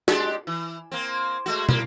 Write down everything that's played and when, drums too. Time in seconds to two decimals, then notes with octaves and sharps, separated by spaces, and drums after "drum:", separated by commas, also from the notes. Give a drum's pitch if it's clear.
0.08 G#3 D4 G4, drum: snare
0.47 E3
0.92 A#3 C4
1.46 G#3 A3 F#4
1.69 A2 A#3, drum: tom